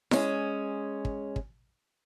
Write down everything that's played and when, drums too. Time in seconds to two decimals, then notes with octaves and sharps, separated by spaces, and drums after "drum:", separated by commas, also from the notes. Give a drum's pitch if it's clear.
0.11 G#3 C#4, drum: snare E4
1.05 drum: kick
1.36 drum: kick